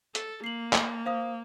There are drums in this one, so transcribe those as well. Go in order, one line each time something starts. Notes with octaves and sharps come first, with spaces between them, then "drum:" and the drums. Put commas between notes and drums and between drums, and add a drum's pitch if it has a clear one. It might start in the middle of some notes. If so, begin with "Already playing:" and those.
A4, drum: hi-hat
A#3 C7 F#7
drum: clap
C5 F5 D#6